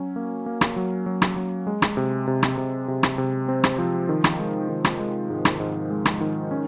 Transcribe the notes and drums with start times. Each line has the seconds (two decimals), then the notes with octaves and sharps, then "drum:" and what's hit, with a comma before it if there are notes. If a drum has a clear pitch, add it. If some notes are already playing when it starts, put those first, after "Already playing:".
Already playing: F#3 C#4
0.16 A#3
0.46 A#3
0.61 drum: rim click
0.76 F#3
1.06 F#3
1.22 drum: rim click
1.36 F#3
1.67 G#3
1.82 drum: rim click
1.97 C3
2.27 C3
2.43 drum: rim click
2.58 C3
2.88 C3
3.03 drum: rim click
3.18 C3
3.48 C4
3.64 drum: rim click
3.78 F3
4.09 D#3
4.24 drum: rim click
4.39 G#3
4.69 D#3
4.84 drum: rim click
4.99 G#3
5.30 G#2
5.45 drum: rim click
5.60 G#2
5.90 G#3
6.05 drum: rim click
6.21 D#3
6.51 C#4